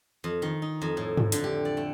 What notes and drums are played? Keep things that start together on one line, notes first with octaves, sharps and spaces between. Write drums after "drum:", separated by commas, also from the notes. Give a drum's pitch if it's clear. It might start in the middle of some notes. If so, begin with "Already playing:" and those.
F2
D#3
D#4
F2
A2
drum: tom
D3, drum: hi-hat
G4
D5
A3